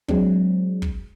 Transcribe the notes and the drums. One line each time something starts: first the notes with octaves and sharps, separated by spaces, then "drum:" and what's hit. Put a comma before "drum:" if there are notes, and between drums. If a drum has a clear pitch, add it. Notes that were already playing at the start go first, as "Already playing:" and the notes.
F#3 G#3 C4 D4, drum: kick
drum: kick